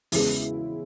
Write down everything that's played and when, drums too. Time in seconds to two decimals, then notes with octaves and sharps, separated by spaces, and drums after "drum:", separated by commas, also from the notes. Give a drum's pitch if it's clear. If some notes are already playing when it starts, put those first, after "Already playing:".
0.12 E2 C#3 G#3 B3 E4, drum: open hi-hat